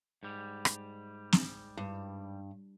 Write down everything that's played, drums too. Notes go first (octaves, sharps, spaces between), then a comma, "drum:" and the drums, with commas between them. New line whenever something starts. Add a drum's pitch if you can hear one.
G#2 G3
drum: rim click
drum: snare
G2